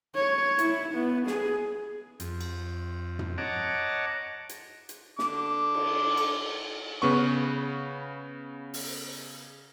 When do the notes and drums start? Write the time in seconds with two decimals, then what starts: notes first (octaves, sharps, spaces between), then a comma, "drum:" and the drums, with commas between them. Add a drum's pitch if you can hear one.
0.15 C#5
0.59 E4, drum: hi-hat
0.95 B3
1.27 G#4, drum: snare
2.20 F2, drum: hi-hat
2.41 drum: cymbal
3.19 drum: tom
3.38 C#5 D#5 F#5 A5 A#5 D6
4.49 drum: hi-hat
4.89 drum: hi-hat
5.19 D3 D6, drum: snare
5.75 drum: cymbal
6.17 drum: cymbal
7.02 C#3 B3 C#6
8.74 drum: open hi-hat